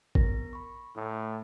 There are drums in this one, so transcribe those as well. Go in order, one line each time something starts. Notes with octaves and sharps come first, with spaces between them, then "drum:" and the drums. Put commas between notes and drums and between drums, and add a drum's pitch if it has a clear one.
B3 A#4 A#6, drum: kick
B5 C#6
A2 A3